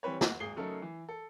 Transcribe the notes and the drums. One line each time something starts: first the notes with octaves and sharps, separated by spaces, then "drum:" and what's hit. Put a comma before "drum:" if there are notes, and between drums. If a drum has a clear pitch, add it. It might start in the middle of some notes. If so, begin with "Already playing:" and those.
E3 G3 C4 B4 C#5
F#4, drum: snare
G#1 G#4 C7 G7
C#3 F#3 A3 D#4 A4 A#4
E3
A4